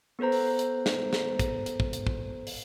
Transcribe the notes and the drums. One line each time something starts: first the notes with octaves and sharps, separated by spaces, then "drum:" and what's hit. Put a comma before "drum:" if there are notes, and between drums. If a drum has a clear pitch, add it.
B3 A4 B4 C5 A#5
drum: open hi-hat
drum: hi-hat
drum: snare
drum: snare
drum: kick, hi-hat
drum: hi-hat
drum: kick
drum: hi-hat
drum: kick
drum: open hi-hat